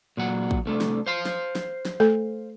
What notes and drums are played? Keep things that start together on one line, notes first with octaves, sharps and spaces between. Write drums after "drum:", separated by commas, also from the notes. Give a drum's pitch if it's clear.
A#2 F#3 F#5
drum: kick
C2 A3 D4
drum: snare
C5 F5 C6
drum: snare
drum: snare
drum: snare
A3 A4